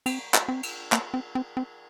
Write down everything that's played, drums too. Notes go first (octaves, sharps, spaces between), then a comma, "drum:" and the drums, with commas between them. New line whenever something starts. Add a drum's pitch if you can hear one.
C4, drum: cymbal
drum: clap
C4
drum: cymbal
A#3, drum: clap
C4
C4
C4